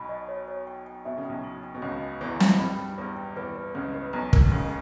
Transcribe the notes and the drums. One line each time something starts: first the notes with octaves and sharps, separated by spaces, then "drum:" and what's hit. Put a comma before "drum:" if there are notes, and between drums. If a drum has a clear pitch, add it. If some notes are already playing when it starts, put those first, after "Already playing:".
Already playing: B1 B2 B5
D#5
C#5
C#5
G5
G5
B2 E5
C#3
B1 B2 G5
C#6
G5
B2
C#2 C#3 D#5
G#5
E2 E3 G#5
G#5, drum: snare
G2 G3 B5
G5
E2 E3 B4
G5
E2 E3 B4
B4
C#2 C#3 B4
B4
B1 B2 A#5
A#4, drum: kick
C#2 C#3 C#6